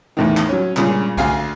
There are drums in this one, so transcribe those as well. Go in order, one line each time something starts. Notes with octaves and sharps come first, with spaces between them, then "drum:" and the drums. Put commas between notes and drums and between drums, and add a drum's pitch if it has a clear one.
E2 A2 D#3
drum: clap
F#3 C#4
G2 A#2 C#3 G#3, drum: clap
D2 F5 G#5, drum: kick C2, cymbal